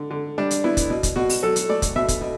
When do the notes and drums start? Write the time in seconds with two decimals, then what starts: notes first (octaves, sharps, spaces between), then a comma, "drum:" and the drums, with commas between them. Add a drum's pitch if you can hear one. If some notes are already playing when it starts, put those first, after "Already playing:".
Already playing: D3
0.10 D3
0.38 G3 D4
0.51 drum: hi-hat
0.64 B3 E4
0.77 drum: kick, hi-hat
0.90 B2
1.03 drum: kick, hi-hat
1.16 B2 F#4
1.29 drum: open hi-hat
1.43 F#3 A4
1.56 drum: hi-hat
1.69 A3 D5
1.82 drum: kick, hi-hat
1.96 B2 E5
2.08 drum: kick, hi-hat
2.21 B2